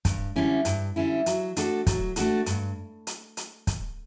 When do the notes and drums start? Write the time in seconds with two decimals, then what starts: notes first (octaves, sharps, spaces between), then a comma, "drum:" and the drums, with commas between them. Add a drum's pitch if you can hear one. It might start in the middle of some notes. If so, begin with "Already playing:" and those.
0.05 G2, drum: kick, hi-hat
0.36 D3 G3 C#4 E4
0.65 G2, drum: hi-hat
0.96 D3 G3 C#4 E4
1.26 F#3, drum: hi-hat
1.56 A3 D4 F#4 A4, drum: hi-hat
1.87 F#3, drum: kick, hi-hat
2.16 A3 D4 F#4 A4, drum: hi-hat
2.46 G2, drum: hi-hat
3.07 drum: hi-hat
3.37 drum: hi-hat
3.67 drum: kick, hi-hat